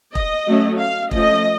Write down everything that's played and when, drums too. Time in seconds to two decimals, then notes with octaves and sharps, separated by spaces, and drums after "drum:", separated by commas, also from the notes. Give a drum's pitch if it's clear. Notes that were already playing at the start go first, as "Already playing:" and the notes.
0.15 D#5, drum: kick E1
0.48 F#3 A3 C#4
0.80 F5
1.11 F3 A3 C#4 D#5, drum: kick E1